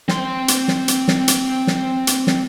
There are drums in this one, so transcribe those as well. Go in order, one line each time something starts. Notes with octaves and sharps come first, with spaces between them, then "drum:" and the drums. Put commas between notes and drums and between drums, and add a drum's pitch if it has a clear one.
C4 C6, drum: snare
drum: hi-hat
drum: snare
drum: hi-hat
drum: snare
drum: hi-hat
drum: snare
drum: hi-hat
drum: snare